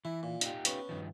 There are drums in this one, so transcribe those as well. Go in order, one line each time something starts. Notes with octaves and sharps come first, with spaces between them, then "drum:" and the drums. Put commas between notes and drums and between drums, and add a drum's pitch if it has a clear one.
E3 E4
A#2
D#4 F4 G4, drum: hi-hat
B3 C#4, drum: hi-hat
G2 D#3 F3